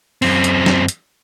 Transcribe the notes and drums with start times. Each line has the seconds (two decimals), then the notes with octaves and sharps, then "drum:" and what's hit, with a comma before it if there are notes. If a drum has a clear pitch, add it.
0.22 F#2 C4, drum: open hi-hat
0.44 drum: hi-hat
0.66 drum: snare
0.88 drum: hi-hat